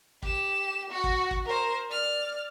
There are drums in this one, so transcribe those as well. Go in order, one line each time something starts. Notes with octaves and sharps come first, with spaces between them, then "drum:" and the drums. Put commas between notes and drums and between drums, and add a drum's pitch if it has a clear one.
G4 E7, drum: kick
F#4 F#5
drum: kick
drum: kick
A#4 C5
D5 F6